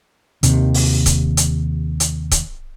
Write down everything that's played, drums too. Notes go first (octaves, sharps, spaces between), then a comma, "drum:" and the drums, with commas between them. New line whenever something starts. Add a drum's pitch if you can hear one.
D#2 C3 D#3, drum: hi-hat
drum: open hi-hat
drum: kick C#1, hi-hat
drum: hi-hat
drum: hi-hat
drum: kick C#1, hi-hat